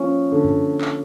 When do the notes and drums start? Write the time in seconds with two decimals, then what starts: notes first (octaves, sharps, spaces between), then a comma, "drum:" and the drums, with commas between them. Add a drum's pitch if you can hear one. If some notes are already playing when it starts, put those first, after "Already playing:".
Already playing: F3 C#4
0.32 D3
0.44 drum: tom F#2
0.81 drum: clap